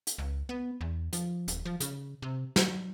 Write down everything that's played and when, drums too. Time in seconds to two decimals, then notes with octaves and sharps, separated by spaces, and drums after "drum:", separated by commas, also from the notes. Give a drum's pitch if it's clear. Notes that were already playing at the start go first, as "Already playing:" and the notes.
0.07 drum: hi-hat
0.18 C#2
0.49 B3
0.81 E2
1.13 F3, drum: hi-hat
1.48 D#1, drum: hi-hat
1.66 F3
1.80 C#3, drum: hi-hat
2.22 C3
2.56 F#3, drum: snare